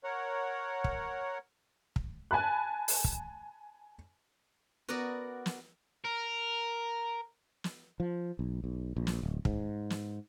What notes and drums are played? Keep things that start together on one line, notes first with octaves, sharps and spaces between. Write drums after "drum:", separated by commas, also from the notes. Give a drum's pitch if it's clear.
A#4 C#5 F#5
drum: kick
drum: kick
G#5 A5 B5 F#6
drum: open hi-hat
drum: kick
B3 F#4 A#4 D5
drum: snare
A#4
drum: snare
F3
B1
B1
A#1
drum: snare
D1
G#2, drum: kick
drum: snare